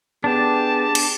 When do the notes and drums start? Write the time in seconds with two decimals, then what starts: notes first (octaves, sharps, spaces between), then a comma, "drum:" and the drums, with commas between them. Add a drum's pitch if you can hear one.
0.24 B3 D4 G4 G#4 A5
0.95 drum: cymbal